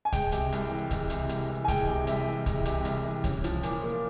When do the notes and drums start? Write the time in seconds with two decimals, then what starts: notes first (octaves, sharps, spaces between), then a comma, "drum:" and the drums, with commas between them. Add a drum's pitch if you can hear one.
0.05 G#5
0.13 G#3 G5, drum: kick C2, hi-hat
0.32 C3, drum: hi-hat
0.53 C2, drum: hi-hat
0.71 E3
0.91 G#3, drum: kick C2, hi-hat
1.10 C3, drum: hi-hat
1.29 C2, drum: hi-hat
1.49 E3
1.64 G#5
1.68 G#3 G5, drum: kick C2, hi-hat
1.88 C3
2.07 C2 E5, drum: hi-hat
2.28 E3
2.46 G#3, drum: kick C2, hi-hat
2.66 C3, drum: hi-hat
2.85 C2, drum: hi-hat
3.06 E3
3.24 C#4, drum: kick C2, hi-hat
3.44 F3, drum: hi-hat
3.63 A#2, drum: hi-hat
3.83 A#3